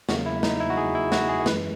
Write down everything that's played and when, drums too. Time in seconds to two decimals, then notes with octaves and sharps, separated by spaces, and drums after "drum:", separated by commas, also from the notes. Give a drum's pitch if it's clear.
0.09 E2 C#3 F#3 A#3 F#4, drum: snare
0.26 E4
0.43 D#4, drum: snare
0.60 E4
0.70 F#4
0.77 G#4
0.95 E4
1.12 F#4, drum: snare
1.29 G#4
1.46 F#2 E3 G#3 B4, drum: snare